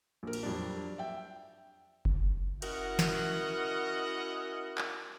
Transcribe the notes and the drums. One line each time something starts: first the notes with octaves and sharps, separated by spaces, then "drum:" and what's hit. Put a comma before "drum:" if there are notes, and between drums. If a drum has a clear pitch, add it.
A#1 A#4
drum: cymbal
F2 F#3 G3 D4
E5 G5
drum: kick F#1
C#4 E4 F#4 A#4 D#5 F#5, drum: cymbal
drum: snare
drum: clap